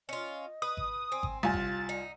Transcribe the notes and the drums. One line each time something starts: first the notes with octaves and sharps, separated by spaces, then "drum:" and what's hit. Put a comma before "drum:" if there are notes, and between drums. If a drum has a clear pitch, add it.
C#4 F4 D#5
B4 D#6
drum: kick G#1
C4 G#5
drum: kick G#1
C2 F4 G#5 A6
drum: kick G#1
D#4